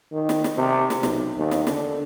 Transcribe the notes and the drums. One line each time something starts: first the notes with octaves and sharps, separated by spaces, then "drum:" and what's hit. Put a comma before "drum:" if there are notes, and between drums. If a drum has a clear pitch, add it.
D#3
drum: snare
drum: snare
C3
drum: snare
B1, drum: snare
D#2
drum: snare
D3, drum: snare